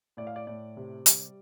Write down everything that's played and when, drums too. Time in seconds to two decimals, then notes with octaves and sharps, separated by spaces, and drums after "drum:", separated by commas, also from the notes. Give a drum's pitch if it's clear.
0.17 A2 D5
0.27 F5
0.36 D5
0.47 A2 D5
0.77 C3
1.06 G3, drum: hi-hat